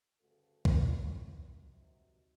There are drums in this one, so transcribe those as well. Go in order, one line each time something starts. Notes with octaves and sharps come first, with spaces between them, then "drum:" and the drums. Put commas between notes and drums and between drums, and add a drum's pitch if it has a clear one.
D2 G2 C#3 A3 F#4 A4
G#3 A3 C4 F4, drum: kick
G2 C3 D#3 F#3